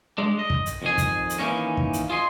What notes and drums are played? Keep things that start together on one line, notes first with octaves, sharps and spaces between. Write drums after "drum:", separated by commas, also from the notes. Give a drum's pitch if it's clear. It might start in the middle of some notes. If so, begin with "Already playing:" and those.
G#3 D4
D#5
drum: kick
drum: hi-hat
F2 D#3 G#4
drum: kick, hi-hat
drum: hi-hat
D#3 E3 A#3 C#4 D#4
drum: kick
drum: hi-hat
F4 G#4 D#5 C6